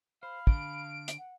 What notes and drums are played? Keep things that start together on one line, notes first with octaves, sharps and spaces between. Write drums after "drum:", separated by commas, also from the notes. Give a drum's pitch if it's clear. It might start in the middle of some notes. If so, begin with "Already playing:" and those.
C5 F5 B5
D3 D7, drum: kick
drum: hi-hat
F#5